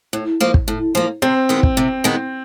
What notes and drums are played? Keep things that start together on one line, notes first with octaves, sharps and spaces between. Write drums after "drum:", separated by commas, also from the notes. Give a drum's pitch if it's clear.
A2
F3 A#3
drum: kick
A2
F3 A#3
C3 C4
D#3 G#3 B3
drum: kick
C3
D#3 G#3 B3